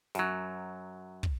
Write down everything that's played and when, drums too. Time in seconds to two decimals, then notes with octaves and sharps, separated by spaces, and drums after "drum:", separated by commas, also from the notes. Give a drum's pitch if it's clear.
0.15 F#2 F#3, drum: snare
1.23 drum: kick